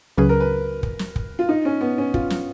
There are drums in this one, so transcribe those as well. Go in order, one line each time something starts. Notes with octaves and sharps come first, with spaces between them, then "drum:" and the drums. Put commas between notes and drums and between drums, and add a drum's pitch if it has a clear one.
C#2 C#3 F#3 C#4 G#4 B4
A#4
B4
drum: kick
drum: snare
drum: kick
F4
D#4
C#4
B3
C#4
F4, drum: kick
drum: snare